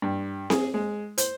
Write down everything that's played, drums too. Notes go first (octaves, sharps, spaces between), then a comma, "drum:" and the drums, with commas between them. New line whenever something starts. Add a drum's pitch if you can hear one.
G2
G#4, drum: snare C4
G#3
C5, drum: hi-hat